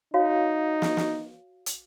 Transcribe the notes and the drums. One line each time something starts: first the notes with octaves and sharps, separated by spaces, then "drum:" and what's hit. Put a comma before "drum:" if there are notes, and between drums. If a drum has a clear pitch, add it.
D#4 F#4 C#5 F5
drum: snare
drum: snare
drum: hi-hat